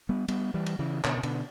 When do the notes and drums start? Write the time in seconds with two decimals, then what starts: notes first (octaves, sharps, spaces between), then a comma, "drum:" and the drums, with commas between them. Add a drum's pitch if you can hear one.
0.09 G3 B3
0.28 G3 B3, drum: cymbal
0.54 E3 G3
0.66 drum: cymbal
0.79 C#3 E3
1.04 B2 D3, drum: clap
1.18 C#3
1.23 B2 D3, drum: cymbal